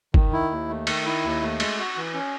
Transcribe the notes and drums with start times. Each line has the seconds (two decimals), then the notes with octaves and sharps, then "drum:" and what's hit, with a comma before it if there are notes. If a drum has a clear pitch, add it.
0.14 D#3, drum: kick
0.33 E4
0.51 D#2
0.69 A3
0.87 D#3, drum: cymbal
1.06 E4
1.24 D#2
1.42 A3
1.60 G#3, drum: cymbal
1.79 F#4
1.97 E3
2.14 C#4